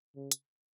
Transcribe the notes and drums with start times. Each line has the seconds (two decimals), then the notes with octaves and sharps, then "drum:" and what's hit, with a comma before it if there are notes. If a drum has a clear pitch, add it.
0.16 C#3
0.32 drum: hi-hat